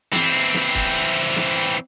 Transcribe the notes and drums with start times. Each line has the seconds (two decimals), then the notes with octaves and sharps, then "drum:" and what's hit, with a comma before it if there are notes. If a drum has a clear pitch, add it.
0.13 E3 C4, drum: snare
0.54 drum: snare
0.75 drum: kick
1.36 drum: snare